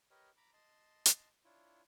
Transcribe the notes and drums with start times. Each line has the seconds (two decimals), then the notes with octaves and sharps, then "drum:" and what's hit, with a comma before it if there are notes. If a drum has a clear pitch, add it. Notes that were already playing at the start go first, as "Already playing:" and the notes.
0.11 G4 A#4 B4 C#5 D#5
0.37 A#5 B5 D6
0.54 D#5 A5 C6
1.06 drum: hi-hat
1.45 D4 E4 F4 C#5